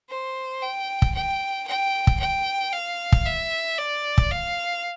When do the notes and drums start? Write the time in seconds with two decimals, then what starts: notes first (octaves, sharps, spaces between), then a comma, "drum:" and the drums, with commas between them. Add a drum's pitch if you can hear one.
0.10 C5
0.62 G5
1.02 drum: kick
1.15 G5
1.68 G5
2.07 drum: kick
2.20 G5
2.73 F5
3.12 drum: kick
3.26 E5
3.78 D5
4.18 drum: kick
4.31 F5